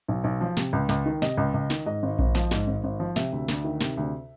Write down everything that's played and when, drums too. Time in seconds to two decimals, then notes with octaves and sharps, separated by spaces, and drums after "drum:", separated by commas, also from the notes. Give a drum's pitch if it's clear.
0.08 B1
0.24 B1
0.41 F3
0.57 C3, drum: snare
0.73 C#2
0.89 C#2, drum: snare
1.06 D#3
1.22 C3 D#5, drum: snare
1.38 C#2
1.54 C#2
1.70 D#3, drum: snare
1.86 G#2 D#5
2.03 G#1
2.19 G#1, drum: kick A#1
2.35 F3, drum: snare
2.51 G#2, drum: snare
2.67 G#1
2.84 G#1
3.00 F3
3.16 C3 E5, drum: snare
3.32 D2
3.48 D2, drum: snare
3.64 D#3
3.81 C3, drum: snare
3.97 D2